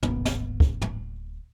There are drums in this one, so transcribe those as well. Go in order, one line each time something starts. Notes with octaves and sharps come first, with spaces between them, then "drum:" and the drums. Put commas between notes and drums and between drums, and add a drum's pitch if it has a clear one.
D1 G#1 A#3 B3, drum: tom
drum: snare
drum: kick
drum: tom